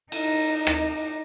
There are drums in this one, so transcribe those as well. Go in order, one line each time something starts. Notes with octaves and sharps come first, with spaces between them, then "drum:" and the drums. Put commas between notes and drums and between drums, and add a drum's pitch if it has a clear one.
D#4, drum: cymbal
drum: rim click